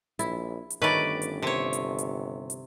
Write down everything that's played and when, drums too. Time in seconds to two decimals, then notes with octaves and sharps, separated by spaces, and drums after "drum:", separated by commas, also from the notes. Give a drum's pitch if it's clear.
0.19 A#1 E4, drum: hi-hat
0.70 drum: hi-hat
0.82 G1 D#3 A3 C#4 B4 D5
1.22 drum: hi-hat
1.42 C3 C#5
1.73 drum: hi-hat
1.98 drum: hi-hat
2.50 drum: hi-hat